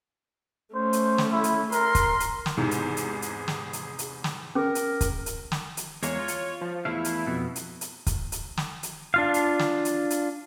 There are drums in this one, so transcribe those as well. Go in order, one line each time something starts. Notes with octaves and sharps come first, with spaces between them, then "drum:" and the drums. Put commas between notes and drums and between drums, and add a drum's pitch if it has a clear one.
A3 C#4 C5
drum: hi-hat
drum: snare
E4
drum: hi-hat
A#4 C6, drum: hi-hat
drum: kick, hi-hat
drum: hi-hat
drum: snare
E2 G#2 C3 G#4
drum: hi-hat
drum: hi-hat
drum: hi-hat
drum: snare
drum: hi-hat
drum: hi-hat
drum: snare
C#4 G#4 A#4
drum: hi-hat
drum: kick, hi-hat
drum: hi-hat
drum: snare
drum: hi-hat
E2 G#3 A#3 C#5, drum: hi-hat
F4
drum: hi-hat
F3
E2 A3 E4 F5
drum: hi-hat
F2 B2 B3
drum: hi-hat
drum: hi-hat
drum: kick, hi-hat
drum: hi-hat
drum: snare
drum: hi-hat
D4 F4 F5
drum: hi-hat
drum: snare
drum: hi-hat
drum: hi-hat